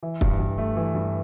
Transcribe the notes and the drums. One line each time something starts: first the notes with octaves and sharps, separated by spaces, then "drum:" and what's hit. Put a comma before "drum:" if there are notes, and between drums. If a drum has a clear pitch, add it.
E3
G2, drum: kick
G2
A3
E3
G2